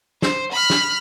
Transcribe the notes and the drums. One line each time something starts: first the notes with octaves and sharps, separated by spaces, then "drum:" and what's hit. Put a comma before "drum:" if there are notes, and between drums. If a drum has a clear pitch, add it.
C5, drum: snare
B5 F6
drum: snare